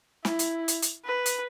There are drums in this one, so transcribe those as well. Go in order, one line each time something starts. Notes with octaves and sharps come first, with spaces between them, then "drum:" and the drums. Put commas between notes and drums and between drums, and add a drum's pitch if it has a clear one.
E4, drum: snare
drum: hi-hat
drum: hi-hat
drum: hi-hat
B4
drum: hi-hat